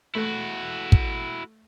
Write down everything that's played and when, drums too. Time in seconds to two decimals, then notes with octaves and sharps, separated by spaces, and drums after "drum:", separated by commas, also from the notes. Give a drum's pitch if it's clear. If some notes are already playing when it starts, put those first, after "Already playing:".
0.15 A3 E4 F#4
0.92 drum: kick